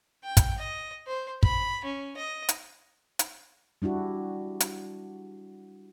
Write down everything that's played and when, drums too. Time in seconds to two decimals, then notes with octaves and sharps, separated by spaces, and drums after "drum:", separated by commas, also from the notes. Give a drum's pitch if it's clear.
0.24 G5
0.37 drum: kick, hi-hat
0.58 D#5
1.07 C5
1.43 B5, drum: kick
1.84 C#4
2.16 D#5
2.49 drum: hi-hat
3.19 drum: hi-hat
3.82 G3 D4 E4 F#4
4.60 drum: hi-hat